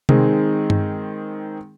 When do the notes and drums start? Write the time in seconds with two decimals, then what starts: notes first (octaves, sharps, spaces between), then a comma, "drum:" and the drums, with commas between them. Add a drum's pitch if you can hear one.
0.09 D#3 G#3 C4 D#4 G#4, drum: tom C3
0.70 drum: tom G2